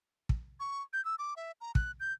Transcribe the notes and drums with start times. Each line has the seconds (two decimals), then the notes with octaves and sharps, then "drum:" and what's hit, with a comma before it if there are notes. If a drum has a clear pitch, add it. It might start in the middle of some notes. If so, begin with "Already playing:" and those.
0.29 drum: kick
0.60 C#6
0.93 G6
1.05 E6
1.19 D6
1.37 E5
1.61 A#5
1.75 F#6, drum: kick
2.00 G6